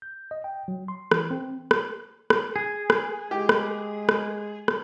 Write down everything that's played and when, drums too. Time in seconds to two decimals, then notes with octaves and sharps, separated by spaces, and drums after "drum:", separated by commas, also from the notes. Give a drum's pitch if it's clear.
0.02 G6
0.31 D#5
0.44 G5
0.68 F#3
0.88 C6
1.12 E3, drum: rim click
1.31 C4
1.71 drum: rim click
2.30 drum: rim click
2.56 G#4
2.90 drum: rim click
3.31 G#3 G4
3.49 drum: rim click
4.09 drum: rim click
4.68 drum: rim click